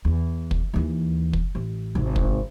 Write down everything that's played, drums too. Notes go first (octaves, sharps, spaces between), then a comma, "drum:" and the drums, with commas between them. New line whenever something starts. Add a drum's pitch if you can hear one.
E2
drum: kick
D#2 E3
drum: kick
A1
G#1 C3
drum: kick